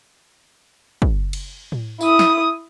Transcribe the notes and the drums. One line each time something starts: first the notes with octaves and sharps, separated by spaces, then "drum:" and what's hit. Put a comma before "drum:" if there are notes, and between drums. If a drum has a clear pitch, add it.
drum: kick
drum: cymbal
drum: tom A2
E4 D#6, drum: tambourine
drum: snare